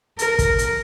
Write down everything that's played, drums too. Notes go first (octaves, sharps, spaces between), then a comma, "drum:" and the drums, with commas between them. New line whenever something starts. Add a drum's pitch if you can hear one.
A#4, drum: hi-hat
drum: kick, hi-hat
drum: hi-hat